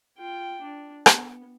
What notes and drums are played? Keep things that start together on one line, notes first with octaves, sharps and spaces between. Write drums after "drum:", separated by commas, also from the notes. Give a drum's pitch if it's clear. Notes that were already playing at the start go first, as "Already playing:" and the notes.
F4 G5
D4
B3, drum: rim click